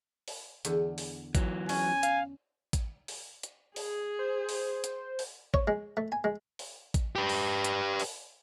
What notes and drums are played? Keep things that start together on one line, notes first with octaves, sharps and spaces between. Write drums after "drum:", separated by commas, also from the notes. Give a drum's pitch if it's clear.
drum: open hi-hat
E2 D3, drum: hi-hat
drum: open hi-hat
E3 F#3, drum: kick A1, hi-hat
C#4 G#5, drum: open hi-hat
F5, drum: hi-hat
drum: kick A1, hi-hat
drum: open hi-hat
drum: hi-hat
G#4, drum: open hi-hat
C5
drum: open hi-hat
drum: hi-hat
drum: open hi-hat
C#5, drum: kick A1
G#3
A3
G#5
G#3
drum: open hi-hat
drum: kick A1, hi-hat
G4 B4
drum: open hi-hat
drum: hi-hat
drum: open hi-hat